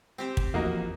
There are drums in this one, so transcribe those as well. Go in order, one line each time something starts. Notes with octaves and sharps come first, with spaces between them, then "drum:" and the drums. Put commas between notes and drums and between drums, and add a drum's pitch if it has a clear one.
C4 G4 C5
drum: kick
E2 F3 A#3 D#4 F#4